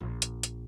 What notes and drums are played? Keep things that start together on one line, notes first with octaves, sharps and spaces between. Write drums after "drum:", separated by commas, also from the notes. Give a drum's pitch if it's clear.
A#1
drum: hi-hat
drum: hi-hat